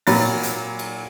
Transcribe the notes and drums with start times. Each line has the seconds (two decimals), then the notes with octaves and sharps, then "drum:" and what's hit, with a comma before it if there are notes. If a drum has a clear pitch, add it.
0.07 A#2 F#3 B5 A6, drum: open hi-hat
0.43 drum: hi-hat
0.79 drum: cymbal